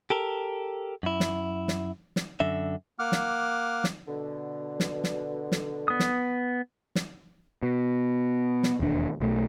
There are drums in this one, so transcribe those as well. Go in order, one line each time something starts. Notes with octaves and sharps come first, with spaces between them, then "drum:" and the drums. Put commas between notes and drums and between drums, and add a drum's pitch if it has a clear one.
G4 A4 A#4
F#2 E4
drum: snare
drum: snare
drum: snare
F#2 D3 E5
A#3 F#5 D6 F6
drum: snare
drum: snare
B2 D3
drum: snare
drum: snare
drum: snare
B3 D#6
drum: snare
drum: snare
B2
drum: snare
E1 D#2 D4
B1 B2 A3